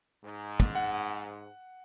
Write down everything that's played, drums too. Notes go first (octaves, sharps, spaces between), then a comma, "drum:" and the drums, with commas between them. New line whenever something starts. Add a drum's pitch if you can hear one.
G#2
drum: kick
F#5